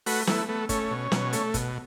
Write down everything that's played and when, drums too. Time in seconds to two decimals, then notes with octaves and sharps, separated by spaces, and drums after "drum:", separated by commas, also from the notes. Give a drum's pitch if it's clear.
0.06 A3 F#4 B4, drum: open hi-hat
0.27 A3 B3 E4, drum: snare
0.49 A3 B3
0.69 A3 C#4, drum: kick, hi-hat
0.91 B2
1.12 B2, drum: snare
1.33 A3, drum: hi-hat
1.54 B2, drum: kick, hi-hat